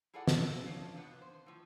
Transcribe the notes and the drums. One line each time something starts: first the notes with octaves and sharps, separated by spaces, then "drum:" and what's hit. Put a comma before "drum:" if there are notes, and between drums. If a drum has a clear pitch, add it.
E4 F4 G#4 A4 D5 F#5
F#3 D#4 A4 C#5, drum: snare
D4 D#4 F4 C#5 F5
C3 D#3 B3
C5
A2 F3